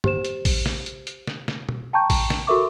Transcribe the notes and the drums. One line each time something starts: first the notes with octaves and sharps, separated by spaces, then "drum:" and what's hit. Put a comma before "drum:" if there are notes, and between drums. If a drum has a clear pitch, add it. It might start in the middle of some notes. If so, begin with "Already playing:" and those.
G4 C5 E7, drum: tom
drum: hi-hat
drum: kick A1, open hi-hat
drum: snare
drum: hi-hat
drum: hi-hat
drum: snare
drum: snare
drum: tom
G5 A5 A#5 C#6 G6
drum: kick A1, open hi-hat
drum: snare
F#4 A4 A#4 E5 C#6 D6